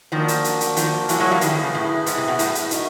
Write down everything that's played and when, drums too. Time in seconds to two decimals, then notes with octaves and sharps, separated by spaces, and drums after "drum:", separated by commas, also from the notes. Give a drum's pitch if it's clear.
0.12 D#3 F3 A#3 D4 F#4 A#4
0.28 drum: hi-hat
0.44 drum: hi-hat
0.61 drum: hi-hat
0.76 D#3 F3, drum: hi-hat
1.09 E3 F#3, drum: hi-hat
1.20 F#3 G#3
1.31 F3 G3
1.41 D#3 E4 G#4 B4, drum: hi-hat
1.52 D3
1.63 C#3
1.75 A2
2.06 G#2, drum: hi-hat
2.17 C3
2.28 B2
2.39 A2, drum: hi-hat
2.55 drum: hi-hat
2.71 D#4 F#4 A#4, drum: hi-hat